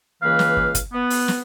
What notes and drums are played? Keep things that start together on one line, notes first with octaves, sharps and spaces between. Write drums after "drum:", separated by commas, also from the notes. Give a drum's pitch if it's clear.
C#2 E3 A#3 B4 F5
drum: snare
drum: kick
drum: kick, hi-hat
B3
drum: open hi-hat
drum: snare